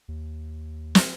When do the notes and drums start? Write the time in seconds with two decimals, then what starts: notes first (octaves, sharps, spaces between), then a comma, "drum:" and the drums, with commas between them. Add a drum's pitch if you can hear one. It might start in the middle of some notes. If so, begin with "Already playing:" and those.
0.08 D#2
0.95 drum: snare